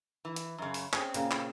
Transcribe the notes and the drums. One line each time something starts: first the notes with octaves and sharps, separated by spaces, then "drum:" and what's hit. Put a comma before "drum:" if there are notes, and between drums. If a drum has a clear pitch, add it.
E3
drum: hi-hat
F#2 C#3
drum: open hi-hat
C4 C#4 G#4, drum: clap
A#2 C#3 A#3, drum: hi-hat
drum: clap